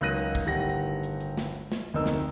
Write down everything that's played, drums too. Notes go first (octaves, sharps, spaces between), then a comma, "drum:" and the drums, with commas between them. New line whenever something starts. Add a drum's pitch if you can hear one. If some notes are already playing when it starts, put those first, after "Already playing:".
C#2 D#3 F#3 F#6 A#6 D#7
drum: hi-hat
drum: kick, hi-hat
G1 A2 D#3 G4 F#5 A#6
drum: hi-hat
drum: hi-hat
drum: hi-hat
drum: snare
drum: hi-hat
drum: snare
F1 D2 C4 D#4 A#4 E6
drum: snare